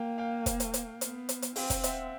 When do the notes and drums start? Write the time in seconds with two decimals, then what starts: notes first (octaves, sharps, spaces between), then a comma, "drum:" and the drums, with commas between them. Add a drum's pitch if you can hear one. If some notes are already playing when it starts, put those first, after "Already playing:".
Already playing: A#3 F5 G5
0.18 F5 G5
0.46 drum: kick, hi-hat
0.60 drum: hi-hat
0.74 drum: hi-hat
1.01 B3, drum: hi-hat
1.29 drum: hi-hat
1.42 drum: hi-hat
1.56 C4 F5 G5, drum: open hi-hat
1.70 drum: kick, hi-hat
1.84 E5 F#5, drum: hi-hat